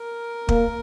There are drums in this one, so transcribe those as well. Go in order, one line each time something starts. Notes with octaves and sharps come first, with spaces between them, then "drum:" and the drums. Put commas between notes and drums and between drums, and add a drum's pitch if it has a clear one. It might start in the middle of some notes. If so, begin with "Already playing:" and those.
Already playing: A#4
A#3, drum: kick